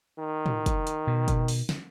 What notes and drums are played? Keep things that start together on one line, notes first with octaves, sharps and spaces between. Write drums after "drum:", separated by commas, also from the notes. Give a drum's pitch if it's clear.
D#3
drum: tom A2
drum: kick, hi-hat
drum: hi-hat
B2
drum: kick, hi-hat
drum: open hi-hat
drum: snare